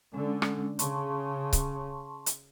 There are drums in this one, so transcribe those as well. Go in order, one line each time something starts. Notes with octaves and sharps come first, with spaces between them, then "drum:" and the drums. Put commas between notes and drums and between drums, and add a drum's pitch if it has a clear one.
D3 G#3 C#4
drum: rim click
C#3 A5 C6 C#6, drum: hi-hat
drum: kick C#1, hi-hat
drum: hi-hat